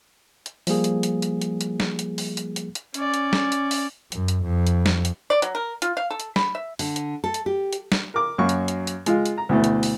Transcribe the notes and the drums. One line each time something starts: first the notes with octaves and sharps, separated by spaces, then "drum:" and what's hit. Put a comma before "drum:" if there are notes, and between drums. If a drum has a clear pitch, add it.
drum: hi-hat
F3 G3 A#3 G#4, drum: open hi-hat
drum: hi-hat
drum: hi-hat
drum: hi-hat
drum: hi-hat
drum: hi-hat
drum: snare
drum: hi-hat
drum: open hi-hat
drum: hi-hat
drum: hi-hat
drum: hi-hat
C#4 D5, drum: hi-hat
drum: hi-hat
drum: snare
drum: hi-hat
drum: open hi-hat
F#2, drum: hi-hat
drum: hi-hat
F2
drum: hi-hat
drum: snare
drum: hi-hat
D5
F#3, drum: hi-hat
A#4
F4, drum: hi-hat
F5
A4
drum: hi-hat
B5, drum: snare
E5
D3, drum: open hi-hat
drum: hi-hat
A4
drum: hi-hat
G4
drum: hi-hat
drum: snare
A#4 D6
F#2 F#3 A#3 C#6
drum: hi-hat
drum: hi-hat
drum: hi-hat
G#3 F4, drum: hi-hat
drum: hi-hat
A#5
D2 B2 E3 A3
drum: hi-hat
drum: open hi-hat